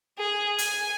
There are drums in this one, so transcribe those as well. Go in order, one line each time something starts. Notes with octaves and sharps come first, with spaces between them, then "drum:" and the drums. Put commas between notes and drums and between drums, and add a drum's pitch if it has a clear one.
G#4
G#5, drum: hi-hat